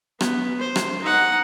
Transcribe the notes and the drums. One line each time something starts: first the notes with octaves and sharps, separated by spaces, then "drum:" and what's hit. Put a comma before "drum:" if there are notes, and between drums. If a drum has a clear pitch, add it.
B3, drum: rim click
C5
drum: rim click
D#4 F#5